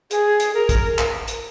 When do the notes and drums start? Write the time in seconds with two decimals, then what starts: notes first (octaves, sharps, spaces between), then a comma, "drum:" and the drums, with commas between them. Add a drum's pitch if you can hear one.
0.11 G#4, drum: hi-hat
0.40 drum: hi-hat
0.54 A#4
0.69 drum: kick, hi-hat
0.98 drum: clap
1.28 drum: hi-hat